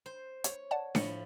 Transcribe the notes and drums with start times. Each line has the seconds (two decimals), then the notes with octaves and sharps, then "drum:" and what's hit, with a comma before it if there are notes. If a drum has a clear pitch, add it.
0.06 C5
0.44 C#5, drum: hi-hat
0.71 D5 F#5 A5
0.95 A2 F3 C#7, drum: snare D4